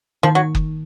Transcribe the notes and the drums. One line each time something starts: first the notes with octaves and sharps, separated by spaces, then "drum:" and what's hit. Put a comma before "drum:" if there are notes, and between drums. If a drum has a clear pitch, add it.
D#3 F3
F#3
drum: kick F#1